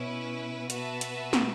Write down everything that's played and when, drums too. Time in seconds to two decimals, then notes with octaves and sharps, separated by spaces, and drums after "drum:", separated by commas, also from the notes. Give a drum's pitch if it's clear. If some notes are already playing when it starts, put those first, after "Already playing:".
Already playing: B2 C#4 E4 B4
0.70 B3 F#4 B4 E5 A5, drum: hi-hat
1.01 drum: hi-hat
1.33 drum: snare